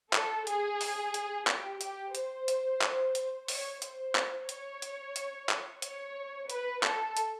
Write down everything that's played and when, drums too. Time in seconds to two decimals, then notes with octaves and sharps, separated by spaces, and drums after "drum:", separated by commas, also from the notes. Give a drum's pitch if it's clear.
0.13 A4, drum: clap
0.47 G#4, drum: hi-hat
0.81 drum: open hi-hat
1.14 drum: hi-hat
1.47 G4, drum: clap
1.81 G4, drum: hi-hat
2.15 C5, drum: hi-hat
2.48 drum: hi-hat
2.82 drum: clap
3.15 drum: hi-hat
3.48 C#5, drum: open hi-hat
3.82 C5, drum: hi-hat
4.15 drum: clap
4.49 C#5, drum: hi-hat
4.82 drum: hi-hat
5.16 drum: hi-hat
5.49 drum: clap
5.82 C#5, drum: hi-hat
6.50 B4, drum: hi-hat
6.83 A4, drum: clap
7.17 drum: hi-hat